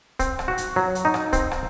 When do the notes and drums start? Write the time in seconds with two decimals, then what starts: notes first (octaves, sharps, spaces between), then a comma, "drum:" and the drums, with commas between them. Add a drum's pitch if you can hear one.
0.19 C4, drum: kick, hi-hat
0.39 drum: rim click
0.48 F#4
0.58 drum: hi-hat
0.76 F#3
0.95 drum: hi-hat
1.05 D#4
1.14 drum: rim click
1.33 C4, drum: kick, hi-hat
1.51 drum: rim click